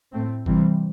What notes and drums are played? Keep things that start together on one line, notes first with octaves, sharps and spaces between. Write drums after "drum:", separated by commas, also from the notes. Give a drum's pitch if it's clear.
A2 A3 C4
C3 E3 G3 C4, drum: kick